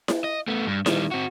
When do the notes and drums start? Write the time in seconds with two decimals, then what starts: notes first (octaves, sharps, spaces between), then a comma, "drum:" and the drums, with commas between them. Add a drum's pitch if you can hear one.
0.08 drum: snare E4
0.24 D#5
0.48 A3 B3
0.67 G2
0.86 D#3 G3, drum: snare E4
1.11 C4 F#4